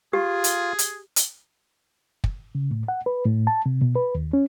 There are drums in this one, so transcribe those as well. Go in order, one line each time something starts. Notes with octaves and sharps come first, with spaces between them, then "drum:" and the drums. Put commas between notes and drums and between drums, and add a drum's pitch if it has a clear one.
F4 G4 G#4
drum: hi-hat
drum: hi-hat
drum: hi-hat
drum: kick
C#3
A2
F#5
B4
A2
A5
C3
B2
B4
D#2
C#4